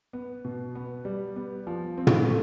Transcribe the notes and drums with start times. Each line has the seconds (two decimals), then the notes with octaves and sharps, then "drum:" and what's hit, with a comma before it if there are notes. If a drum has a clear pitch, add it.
0.13 B3
0.45 B2
0.75 B3
1.05 G3
1.36 B3
1.67 F3
1.98 C4
2.07 drum: tom
2.27 A3